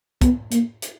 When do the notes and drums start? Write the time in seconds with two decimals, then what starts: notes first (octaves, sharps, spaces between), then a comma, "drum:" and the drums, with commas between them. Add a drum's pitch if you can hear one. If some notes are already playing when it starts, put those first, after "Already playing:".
0.21 B3, drum: kick, hi-hat
0.52 A#3, drum: hi-hat
0.82 drum: hi-hat